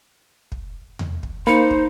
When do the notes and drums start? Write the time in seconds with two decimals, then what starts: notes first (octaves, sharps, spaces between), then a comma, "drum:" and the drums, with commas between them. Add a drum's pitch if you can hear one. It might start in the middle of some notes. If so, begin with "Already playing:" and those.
0.52 drum: kick
0.99 drum: tom E2
1.23 drum: kick
1.47 A#3 D#4 C5 B5 C#7
1.71 drum: kick